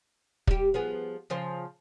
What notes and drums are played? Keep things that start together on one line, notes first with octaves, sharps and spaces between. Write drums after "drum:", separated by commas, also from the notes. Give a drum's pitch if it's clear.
G3 G4, drum: kick
F3 B3 G#4
C#3 F3 C5